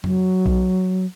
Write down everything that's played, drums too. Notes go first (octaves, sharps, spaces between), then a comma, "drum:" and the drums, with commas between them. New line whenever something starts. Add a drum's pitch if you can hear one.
F#3, drum: tom F2
drum: kick B1